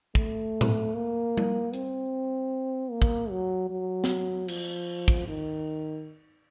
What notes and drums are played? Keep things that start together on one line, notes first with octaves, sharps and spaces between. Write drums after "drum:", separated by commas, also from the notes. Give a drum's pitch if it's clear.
A3, drum: kick
drum: tom A2
A#3
drum: tom G3
C4, drum: hi-hat
A#3
drum: kick
F#3
F#3
drum: snare
F3, drum: cymbal
drum: kick
D#3